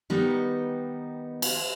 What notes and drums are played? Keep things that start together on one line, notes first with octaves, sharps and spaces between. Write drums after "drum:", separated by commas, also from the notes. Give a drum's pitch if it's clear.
D#3 G3 B3 D#4
drum: cymbal